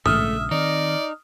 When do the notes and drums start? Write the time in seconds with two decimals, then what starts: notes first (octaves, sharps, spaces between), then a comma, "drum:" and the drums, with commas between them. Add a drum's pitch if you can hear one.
0.06 A#1 C#3 G#3 A3 E5 D#6 F6, drum: tom
0.51 D#3 C4 D#4 D5